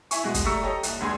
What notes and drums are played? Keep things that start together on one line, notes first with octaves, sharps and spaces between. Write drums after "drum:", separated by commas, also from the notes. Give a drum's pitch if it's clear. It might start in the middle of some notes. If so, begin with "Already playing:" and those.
E4 E5 G#5 C#6, drum: hi-hat
B2 G#3
drum: kick, hi-hat
G3 A3 A#5 C#6 E6 C#7
G4 A4 C#5 D#5 A#5
C2 A#2, drum: hi-hat
E1 C#2 D4 G#4 G#5 C6